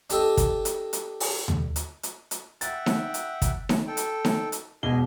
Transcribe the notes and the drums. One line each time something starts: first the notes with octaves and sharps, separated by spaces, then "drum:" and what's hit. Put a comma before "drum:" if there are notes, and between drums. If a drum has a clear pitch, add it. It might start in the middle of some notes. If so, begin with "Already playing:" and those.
D4 G4 A4 D#5, drum: hi-hat
drum: kick, hi-hat
drum: hi-hat
drum: hi-hat
drum: open hi-hat
drum: tom D#2
drum: hi-hat
drum: hi-hat
drum: hi-hat
E5 F#5 G5 A6, drum: hi-hat
drum: snare D#4
drum: hi-hat
drum: kick, hi-hat
drum: snare D#4
A4 G5
drum: hi-hat
drum: snare D#4
drum: hi-hat
E1 B2 G#4 D#5 G#5 G7